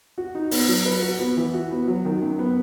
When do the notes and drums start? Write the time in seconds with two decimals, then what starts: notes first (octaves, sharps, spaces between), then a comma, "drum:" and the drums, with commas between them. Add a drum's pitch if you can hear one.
0.18 F#4
0.35 D#4
0.51 B3, drum: open hi-hat
0.68 F#3
0.85 B4
1.02 F#4
1.19 B3
1.37 E3
1.54 F#4
1.71 B3
1.88 F#3
2.05 D#3
2.22 F#2
2.39 B3